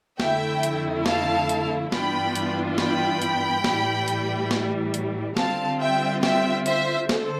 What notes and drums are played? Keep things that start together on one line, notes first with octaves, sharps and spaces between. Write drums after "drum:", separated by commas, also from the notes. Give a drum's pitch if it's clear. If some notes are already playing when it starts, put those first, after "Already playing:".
F2 D3 A3 E4 E5 G5, drum: snare
drum: hi-hat
F5 A5, drum: snare
drum: hi-hat
G2 E3 B3 D4 F4 G5 B5, drum: snare
drum: hi-hat
G5 B5, drum: snare
drum: hi-hat
A2 E3 G3, drum: snare
drum: hi-hat
drum: snare
drum: hi-hat
D3 G3 C4 F4 F5 A5, drum: snare
E5 G5
E5 G5, drum: snare
C5 E5, drum: hi-hat
D3 A4 C5, drum: snare